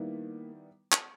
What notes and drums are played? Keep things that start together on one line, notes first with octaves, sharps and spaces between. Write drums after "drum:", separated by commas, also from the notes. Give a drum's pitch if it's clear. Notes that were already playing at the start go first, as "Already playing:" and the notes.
Already playing: D#3 G3 A#3 B3 E4
drum: clap